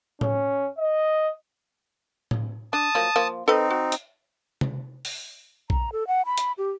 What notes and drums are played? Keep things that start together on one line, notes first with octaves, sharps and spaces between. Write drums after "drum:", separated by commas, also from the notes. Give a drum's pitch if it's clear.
C#4, drum: tom A2
D#5
drum: tom A2
D4 A5 D#6
F3 F#3 A#3
F3 A#3
C4 D#4 A4 B4 D#5
F#4
drum: hi-hat
drum: tom
drum: open hi-hat
A#5, drum: kick A#1
A4
F#5
B5
drum: hi-hat
G4